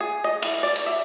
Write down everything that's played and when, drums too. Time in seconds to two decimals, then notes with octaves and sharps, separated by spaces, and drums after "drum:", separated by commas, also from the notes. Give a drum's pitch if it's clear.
0.01 G#4
0.24 D#5
0.42 E3, drum: cymbal
0.63 D5
0.76 drum: cymbal
0.86 E5